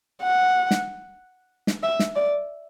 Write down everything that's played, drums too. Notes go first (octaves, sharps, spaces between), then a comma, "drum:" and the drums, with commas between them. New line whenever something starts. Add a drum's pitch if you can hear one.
F#5
drum: snare
drum: snare
E5
drum: snare
D5